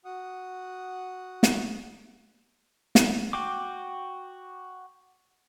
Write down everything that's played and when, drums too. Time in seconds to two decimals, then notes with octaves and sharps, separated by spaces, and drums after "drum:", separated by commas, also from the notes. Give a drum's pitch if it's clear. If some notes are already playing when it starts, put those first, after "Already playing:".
0.05 F#4 F#5 D#6
1.43 drum: snare
2.95 drum: snare
3.33 F#4 G5 D6